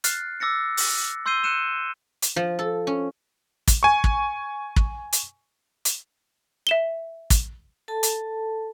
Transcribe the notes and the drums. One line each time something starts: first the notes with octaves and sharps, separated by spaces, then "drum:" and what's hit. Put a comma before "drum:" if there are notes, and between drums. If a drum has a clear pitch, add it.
F6 F#6 A6 C7, drum: hi-hat
D6 E6 A6 A#6 C#7
drum: open hi-hat
C6 E6 G6 C7 D#7 G7
F#6 C#7 D#7 E7
drum: hi-hat
F3
A4
C#4
drum: kick, hi-hat
G#5 C#6
drum: kick
drum: kick
drum: hi-hat
drum: hi-hat
E5 E7 G7
drum: kick, hi-hat
A4 A5
drum: hi-hat